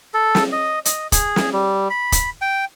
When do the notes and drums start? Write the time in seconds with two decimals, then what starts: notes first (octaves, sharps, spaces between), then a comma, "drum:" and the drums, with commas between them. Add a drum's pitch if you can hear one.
0.14 A4
0.35 drum: snare
0.52 D#5
0.85 D#5, drum: hi-hat
1.12 G#4, drum: kick, hi-hat
1.36 drum: snare
1.53 G3
1.90 B5
2.12 drum: kick, hi-hat
2.41 G5